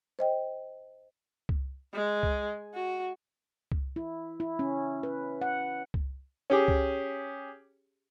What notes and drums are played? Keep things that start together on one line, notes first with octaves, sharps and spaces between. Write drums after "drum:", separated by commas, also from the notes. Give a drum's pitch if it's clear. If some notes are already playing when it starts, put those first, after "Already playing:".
C5 D#5 G5
drum: kick C2
G#3
drum: kick C2
F#4
drum: kick C2
E4
E4
C#4
B4
F#5
drum: kick C2
C#4 G4 G#4
drum: kick C2